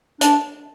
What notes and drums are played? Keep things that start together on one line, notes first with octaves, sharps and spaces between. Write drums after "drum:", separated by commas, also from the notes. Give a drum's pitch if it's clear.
D4, drum: hi-hat